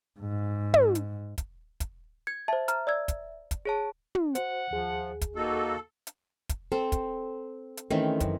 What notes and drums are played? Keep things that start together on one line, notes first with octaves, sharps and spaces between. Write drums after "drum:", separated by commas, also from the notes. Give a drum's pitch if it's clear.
G#2
drum: tom
drum: hi-hat
drum: kick, hi-hat
drum: kick, hi-hat
G#6 C#7
C5 E5 A5
A#5 F6, drum: hi-hat
D5 E6 G#6
drum: kick, hi-hat
drum: kick, hi-hat
G#4 C#5 A5
drum: tom
F#4 C5 F#5, drum: hi-hat
D#2 F3 G#4
drum: kick, hi-hat
A#3 D#4 F#4 A4
drum: hi-hat
drum: kick, hi-hat
C4 A4
drum: kick, hi-hat
drum: hi-hat
D#3 E3 A3 C4 C#4
F#2, drum: kick, hi-hat